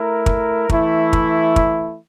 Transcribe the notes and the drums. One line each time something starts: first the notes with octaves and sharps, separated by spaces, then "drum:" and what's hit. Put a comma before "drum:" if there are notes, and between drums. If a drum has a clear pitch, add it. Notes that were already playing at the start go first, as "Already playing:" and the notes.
Already playing: A3 E4 A#4
drum: kick
E3 A3 E4, drum: kick
drum: kick
drum: kick